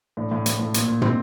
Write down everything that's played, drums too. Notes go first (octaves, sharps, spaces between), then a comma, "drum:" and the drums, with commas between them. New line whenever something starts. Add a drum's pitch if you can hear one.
A2 D4
A2
A2, drum: hi-hat
A2
A#2, drum: hi-hat
A#2
A#2 C4, drum: tom